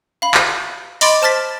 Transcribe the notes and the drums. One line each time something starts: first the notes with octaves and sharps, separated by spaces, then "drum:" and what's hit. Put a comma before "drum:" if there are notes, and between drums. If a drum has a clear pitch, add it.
F5 B5
drum: clap
D#5 B5 C6 D6 A6 D7, drum: open hi-hat
C5 A5 F6 A6 B6